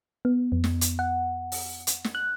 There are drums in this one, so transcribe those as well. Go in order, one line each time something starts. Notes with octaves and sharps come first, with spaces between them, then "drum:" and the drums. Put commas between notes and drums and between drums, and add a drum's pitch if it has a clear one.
B3
F2
drum: snare
drum: hi-hat
F#5
drum: open hi-hat
drum: hi-hat
drum: snare
F#6